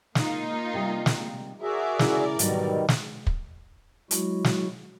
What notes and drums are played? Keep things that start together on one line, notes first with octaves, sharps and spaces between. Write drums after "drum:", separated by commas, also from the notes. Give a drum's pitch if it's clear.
A#3 D#4 F4, drum: snare
C3 G3
drum: snare
F#4 G#4 A#4 D5 E5
C#3 E4, drum: snare
G#2 B2 D3 D#3 F#3 G3, drum: hi-hat
drum: snare
drum: kick
F#3 G#3 E4 F#4, drum: hi-hat
drum: snare